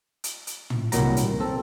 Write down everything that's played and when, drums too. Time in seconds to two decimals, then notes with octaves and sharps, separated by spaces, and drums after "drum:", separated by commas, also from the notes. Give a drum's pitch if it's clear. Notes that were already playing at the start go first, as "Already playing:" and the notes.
0.24 drum: hi-hat
0.47 drum: hi-hat
0.70 drum: tom
0.92 C2 A#2 D#3 F#3 A#5, drum: hi-hat
1.17 drum: hi-hat
1.40 C4 A4